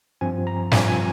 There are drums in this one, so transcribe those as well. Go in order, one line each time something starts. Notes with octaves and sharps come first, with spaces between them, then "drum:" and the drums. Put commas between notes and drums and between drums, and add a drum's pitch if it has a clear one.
G2 F3 C4 G#5
A#5
G2 F3 C4 G#5, drum: snare
G#5